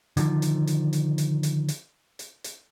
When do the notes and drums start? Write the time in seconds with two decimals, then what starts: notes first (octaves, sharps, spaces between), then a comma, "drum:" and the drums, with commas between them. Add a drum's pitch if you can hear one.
0.17 D3 D#3 F3, drum: hi-hat
0.42 drum: hi-hat
0.67 drum: hi-hat
0.93 drum: hi-hat
1.18 drum: hi-hat
1.43 drum: hi-hat
1.68 drum: hi-hat
2.19 drum: hi-hat
2.44 drum: hi-hat